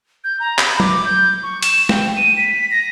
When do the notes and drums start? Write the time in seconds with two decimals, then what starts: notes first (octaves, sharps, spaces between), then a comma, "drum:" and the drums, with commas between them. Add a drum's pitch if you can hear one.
0.24 G6
0.40 A#5
0.58 B5, drum: clap
0.80 D6, drum: tom F#3
1.05 G6
1.43 C#6
1.63 E7, drum: hi-hat
1.89 G5, drum: snare
2.16 D#7
2.37 B6
2.71 A#6